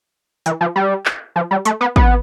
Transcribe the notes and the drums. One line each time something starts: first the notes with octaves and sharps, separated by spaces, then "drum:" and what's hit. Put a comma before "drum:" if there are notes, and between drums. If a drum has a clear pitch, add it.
E3, drum: hi-hat
F3
G3
drum: clap
F3
G3
A3, drum: hi-hat
B3
B3, drum: kick